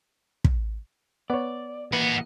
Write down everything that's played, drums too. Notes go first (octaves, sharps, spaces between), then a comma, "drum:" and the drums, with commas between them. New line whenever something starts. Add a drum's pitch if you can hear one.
drum: kick
B3 C#5 D5
E3 A#3 B4 D#5 F#5